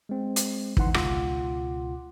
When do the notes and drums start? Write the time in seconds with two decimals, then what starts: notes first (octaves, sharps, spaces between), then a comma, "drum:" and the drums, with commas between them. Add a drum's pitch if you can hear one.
0.09 G#3 C4
0.36 drum: hi-hat
0.77 E2 E3 D#4 F#5 C6, drum: kick
0.94 C#2 B2 F4 F#5 C6 D6, drum: rim click